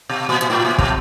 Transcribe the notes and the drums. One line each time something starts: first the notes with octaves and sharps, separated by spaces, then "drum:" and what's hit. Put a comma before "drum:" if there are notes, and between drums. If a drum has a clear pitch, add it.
B2
A#2
A#2
A2
A#2
B2, drum: kick